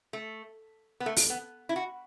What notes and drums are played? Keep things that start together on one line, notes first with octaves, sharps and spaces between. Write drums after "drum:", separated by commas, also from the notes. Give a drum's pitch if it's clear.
A3
B3
A3
drum: open hi-hat
B3
E4
F#4